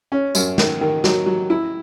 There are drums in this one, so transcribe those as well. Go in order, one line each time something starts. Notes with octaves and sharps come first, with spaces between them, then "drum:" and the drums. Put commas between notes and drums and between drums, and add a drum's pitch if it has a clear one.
C#4
F#2, drum: tambourine
D#3, drum: snare
D#3
F#3, drum: snare
F#3
E4